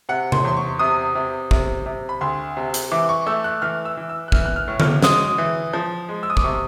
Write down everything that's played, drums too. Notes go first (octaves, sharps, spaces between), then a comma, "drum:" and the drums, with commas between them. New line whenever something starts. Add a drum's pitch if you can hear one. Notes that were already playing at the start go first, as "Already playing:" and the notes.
C3 F#5
C6, drum: tom C3
E2 C6
C#6
C3 D#6
C3
C3, drum: kick
C3
B5
D2 C6
C3
drum: hi-hat
E3 D6
C#6
A3 E6
F#6
E3 F6
E6
E3
E6
F#6
E3 F6, drum: kick
F#6
F6
A2
F6, drum: tom D3
G#3 D#6, drum: snare
E3
F3
G#3
E6
D#6
D6, drum: kick
C3 C#6